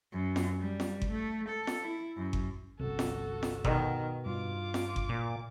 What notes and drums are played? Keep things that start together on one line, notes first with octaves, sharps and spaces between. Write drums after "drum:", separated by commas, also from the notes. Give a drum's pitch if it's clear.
F#2
drum: snare F4
G3
drum: snare F4
drum: kick G1
A3
A4
drum: snare F4
E4
F#2
drum: kick G1
G1 C2 F#4 A4
drum: snare F4
drum: snare F4
B2 D#3, drum: kick G1
G2 F4 D6
drum: snare F4
drum: kick G1
A#2